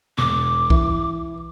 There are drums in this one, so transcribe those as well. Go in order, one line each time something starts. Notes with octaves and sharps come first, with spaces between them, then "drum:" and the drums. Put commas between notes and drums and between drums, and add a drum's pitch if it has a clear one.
E1 D6
E3, drum: kick B1